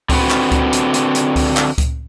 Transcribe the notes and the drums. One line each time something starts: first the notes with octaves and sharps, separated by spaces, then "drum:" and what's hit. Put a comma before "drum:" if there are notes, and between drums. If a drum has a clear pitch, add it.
D3 C4 F#4 B4, drum: kick C#2, open hi-hat
drum: clap
drum: kick C#2, hi-hat
drum: hi-hat
drum: hi-hat
drum: hi-hat
drum: kick C#2, open hi-hat
drum: clap
drum: kick C#2, hi-hat